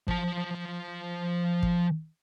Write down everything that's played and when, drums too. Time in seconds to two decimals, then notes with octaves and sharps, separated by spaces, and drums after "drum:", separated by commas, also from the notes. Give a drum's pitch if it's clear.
0.08 F3 A5, drum: kick
1.63 drum: kick